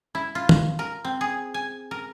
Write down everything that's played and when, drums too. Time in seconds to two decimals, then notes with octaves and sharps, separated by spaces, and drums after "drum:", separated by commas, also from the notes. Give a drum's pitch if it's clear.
0.15 E4
0.35 F4
0.49 drum: tom D#3
0.79 A#4
1.05 C4
1.21 G#4
1.54 G#5
1.91 A#4